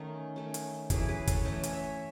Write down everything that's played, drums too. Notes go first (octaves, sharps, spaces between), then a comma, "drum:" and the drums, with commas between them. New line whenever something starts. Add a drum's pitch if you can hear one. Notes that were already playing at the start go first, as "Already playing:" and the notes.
Already playing: D#3 A3 C#4 D#4
D#3 A3 C#4
drum: hi-hat
E3 A3 C#4 E4 G#4, drum: kick, hi-hat
G#4 B4
A4 C#5, drum: kick, hi-hat
E3 A3 C#4 B4 D#5
drum: hi-hat
C#5 E5